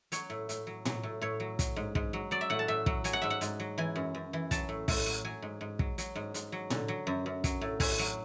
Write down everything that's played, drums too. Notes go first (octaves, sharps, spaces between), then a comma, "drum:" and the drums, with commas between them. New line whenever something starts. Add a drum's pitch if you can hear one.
F#3 C#5, drum: hi-hat
A2
A2, drum: hi-hat
F#3
F#3, drum: tom A2
A2
A2 C#5
F#3
F#3, drum: kick, hi-hat
G#2
G#2, drum: kick
F#3
F#3 D5
E5
A2 F#5
A5
A2 E5
F#3, drum: kick
F#3 G#5, drum: hi-hat
F#5
G#2 E5
F#5
G#2, drum: hi-hat
F#3
E3 G#5
F#2
F#2
E3
F#3 A5, drum: kick, hi-hat
A2
A2, drum: kick, open hi-hat
F#3
F#3 G#5
G#2
G#2
F#3, drum: kick
F#3, drum: hi-hat
G#2
G#2, drum: hi-hat
F#3
D3, drum: tom A2
F#3
F#2
F#2
F#3, drum: kick, hi-hat
A2
A2 G#5, drum: kick, open hi-hat
F#3